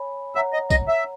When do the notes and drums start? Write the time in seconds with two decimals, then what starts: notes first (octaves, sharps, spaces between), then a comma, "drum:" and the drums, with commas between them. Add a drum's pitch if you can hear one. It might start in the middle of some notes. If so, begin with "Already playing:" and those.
Already playing: C#5 G#5 B5
0.35 C#5 E5 F#5 A#5
0.53 D#5
0.70 D#5, drum: kick, tambourine
0.88 E5